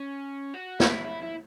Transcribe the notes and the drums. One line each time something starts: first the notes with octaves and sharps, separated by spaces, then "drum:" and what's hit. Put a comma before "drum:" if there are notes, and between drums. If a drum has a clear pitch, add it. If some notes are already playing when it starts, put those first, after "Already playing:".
Already playing: C#4
F#4
E4, drum: snare
E4
E4